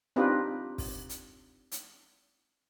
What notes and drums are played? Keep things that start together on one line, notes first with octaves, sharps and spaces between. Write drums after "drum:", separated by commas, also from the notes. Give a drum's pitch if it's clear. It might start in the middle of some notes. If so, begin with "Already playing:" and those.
C4 D4 D#4 F4 G4 B4
drum: kick, open hi-hat
drum: hi-hat
drum: hi-hat